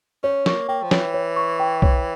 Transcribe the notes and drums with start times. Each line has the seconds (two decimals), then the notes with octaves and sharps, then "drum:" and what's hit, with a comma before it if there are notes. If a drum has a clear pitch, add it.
0.23 C#4 C#5
0.46 A#3 C#6, drum: snare
0.68 A#3 G5
0.83 F3
0.91 E3 C#5, drum: snare
1.14 C#5
1.36 C#6
1.60 G5
1.82 C#5, drum: kick B1